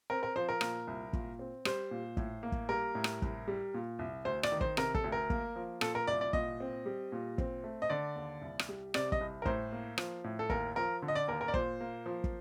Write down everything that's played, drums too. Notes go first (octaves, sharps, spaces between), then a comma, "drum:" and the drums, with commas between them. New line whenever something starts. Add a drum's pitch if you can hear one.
C4 A#4
A#4
F3 C5
A#4
A#2, drum: rim click
C2
A#2, drum: kick
C4
G3 C5, drum: rim click
A#2
A2, drum: kick
A#3
drum: kick
G3 A#4
A2
drum: rim click
C2, drum: kick
G3
A#2
C2
D2 C5
D5, drum: rim click
D#3
C5, drum: kick
C3 A#4, drum: rim click
A4, drum: kick
D2
A#4
A#3, drum: kick
F3
A#2 A4, drum: rim click
A#4
C2 D5
D5
A#2 D#5, drum: kick
C4
G3
A#2
C4, drum: kick
A3
D#5
D3 D5
D#2
C2
drum: rim click
G3
C3 D5, drum: rim click
D#5, drum: kick
C2
A#4
A2 C5, drum: kick
A#3
F3, drum: rim click
A2
A4
D#2 A#4, drum: kick
F3 A#4
D3
D#5
D5
D#2 A#4
A#4
D5
A#2 C5, drum: kick
A#3
F3
drum: kick